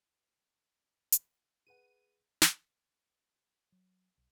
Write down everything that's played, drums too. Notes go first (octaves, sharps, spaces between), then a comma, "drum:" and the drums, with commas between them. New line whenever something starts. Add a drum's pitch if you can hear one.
drum: hi-hat
G#4 B4 F#5 D#7
drum: snare
F#3
B1